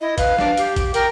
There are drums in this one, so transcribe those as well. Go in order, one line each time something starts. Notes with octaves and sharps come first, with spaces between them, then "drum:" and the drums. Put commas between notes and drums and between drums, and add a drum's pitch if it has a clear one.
E4 D#5
B4 F5, drum: kick, hi-hat
D4, drum: snare
G4, drum: hi-hat
drum: kick, hi-hat
A#4 G5, drum: hi-hat